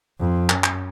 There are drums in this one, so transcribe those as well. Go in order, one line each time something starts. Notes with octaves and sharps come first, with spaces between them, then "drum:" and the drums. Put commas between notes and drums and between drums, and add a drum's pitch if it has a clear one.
F2
F#2, drum: clap
drum: clap